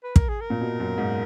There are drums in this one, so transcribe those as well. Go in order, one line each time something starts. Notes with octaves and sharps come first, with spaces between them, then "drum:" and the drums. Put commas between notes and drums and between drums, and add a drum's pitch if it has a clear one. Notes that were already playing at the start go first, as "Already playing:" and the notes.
B4
A#4, drum: kick
G#4
A#4
A#2
B2
F#2
G#2